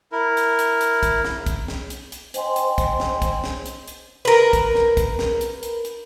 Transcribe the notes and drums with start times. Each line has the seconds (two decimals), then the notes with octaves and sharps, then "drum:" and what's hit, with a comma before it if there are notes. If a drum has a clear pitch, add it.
0.12 E4 A#4
0.37 drum: hi-hat
0.59 drum: hi-hat
0.81 drum: hi-hat
1.03 drum: kick, hi-hat
1.25 drum: snare
1.46 drum: kick, hi-hat
1.68 drum: snare
1.90 drum: hi-hat
2.12 drum: hi-hat
2.34 C5 D#5 G5 G#5 C6, drum: hi-hat
2.56 drum: hi-hat
2.78 drum: kick, hi-hat
3.00 drum: snare
3.22 drum: kick, hi-hat
3.44 drum: snare
3.66 drum: hi-hat
3.87 drum: hi-hat
4.25 A#4 B4
4.53 drum: kick, hi-hat
4.75 drum: snare
4.97 drum: kick, hi-hat
5.19 drum: snare
5.41 drum: hi-hat
5.63 drum: hi-hat
5.85 drum: hi-hat